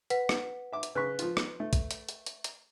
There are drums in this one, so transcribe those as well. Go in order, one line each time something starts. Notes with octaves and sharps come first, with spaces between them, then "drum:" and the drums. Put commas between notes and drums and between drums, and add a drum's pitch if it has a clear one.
B4 F#5 B6, drum: hi-hat
drum: rim click
E5 D6
drum: hi-hat
C#3 B4 C#6 F#6 B6
F3 F4, drum: hi-hat
drum: rim click
A3
drum: kick, hi-hat
drum: hi-hat
drum: hi-hat
drum: hi-hat
drum: hi-hat